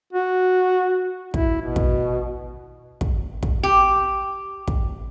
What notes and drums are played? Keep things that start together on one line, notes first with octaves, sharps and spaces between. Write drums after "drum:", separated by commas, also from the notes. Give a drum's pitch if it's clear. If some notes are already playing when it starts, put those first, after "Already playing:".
F#4
E4, drum: kick
B2
drum: kick
drum: kick
drum: kick
G4
drum: kick